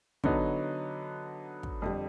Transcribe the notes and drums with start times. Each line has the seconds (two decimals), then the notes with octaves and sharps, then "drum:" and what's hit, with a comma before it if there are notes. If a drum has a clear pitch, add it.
0.24 D3 F#3 B3 D#4, drum: kick
1.63 drum: kick
1.82 F2 D3 G3